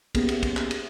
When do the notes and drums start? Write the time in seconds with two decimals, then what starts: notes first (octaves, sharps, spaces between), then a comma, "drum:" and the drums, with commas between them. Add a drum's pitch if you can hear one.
0.15 A#3 B3 C#4 G4 G#4, drum: kick, cymbal
0.29 drum: cymbal
0.43 drum: kick, cymbal
0.57 drum: clap
0.71 drum: cymbal